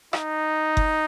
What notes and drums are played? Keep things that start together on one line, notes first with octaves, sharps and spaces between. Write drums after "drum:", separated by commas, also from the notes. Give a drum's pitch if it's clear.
D#4, drum: rim click
drum: kick F#1